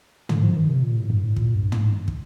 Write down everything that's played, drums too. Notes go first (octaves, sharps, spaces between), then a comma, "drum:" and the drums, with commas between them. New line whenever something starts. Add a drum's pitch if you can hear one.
D3, drum: tom
F3
D#3
C3
A#2
A2
G2
A2
A#2, drum: kick
G2
drum: tom
drum: kick